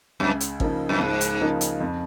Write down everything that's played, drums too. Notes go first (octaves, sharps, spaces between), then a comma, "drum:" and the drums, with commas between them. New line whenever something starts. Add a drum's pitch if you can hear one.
C#2 F#2
drum: hi-hat
C#3 F3 A#3 D#4, drum: kick G#1
F#2
C#2 G#2
drum: hi-hat
C#3 F3 A#3 D#4
drum: hi-hat
F2